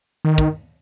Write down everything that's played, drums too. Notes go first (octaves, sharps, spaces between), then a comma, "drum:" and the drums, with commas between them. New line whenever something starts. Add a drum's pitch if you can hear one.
D#3
drum: kick